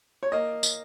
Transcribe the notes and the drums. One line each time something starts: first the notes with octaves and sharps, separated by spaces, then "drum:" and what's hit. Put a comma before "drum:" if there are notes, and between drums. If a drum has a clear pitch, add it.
C#5
A#3 D#5
drum: tambourine